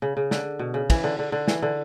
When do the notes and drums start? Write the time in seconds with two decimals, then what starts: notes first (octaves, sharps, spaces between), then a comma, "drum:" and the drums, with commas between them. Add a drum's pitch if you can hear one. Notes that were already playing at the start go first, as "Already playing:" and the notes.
0.02 C#3
0.17 C#3
0.31 D3, drum: snare
0.59 B2
0.74 C#3
0.90 E3, drum: kick, cymbal
1.04 D3
1.19 D3
1.32 D3
1.48 E3, drum: snare
1.62 D3